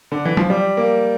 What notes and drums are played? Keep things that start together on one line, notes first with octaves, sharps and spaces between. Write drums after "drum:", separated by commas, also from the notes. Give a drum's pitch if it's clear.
D3
E3
F3, drum: tom F#3
G3
A#3